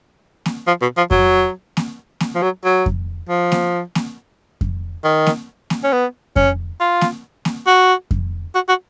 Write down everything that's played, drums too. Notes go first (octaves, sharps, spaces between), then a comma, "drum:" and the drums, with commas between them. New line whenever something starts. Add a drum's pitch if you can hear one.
drum: snare A#3
F3
B2
F3
F#3, drum: kick F2
drum: snare A#3
drum: snare A#3
F3
F#3
F#3
drum: kick F2
F3
drum: snare A#3
drum: snare A#3
drum: kick F2
D#3
drum: snare A#3
drum: snare A#3
C#4
B3
C#4, drum: kick F2
F4
drum: snare A#3
drum: snare A#3
F#4
drum: kick F2
F#4
F#4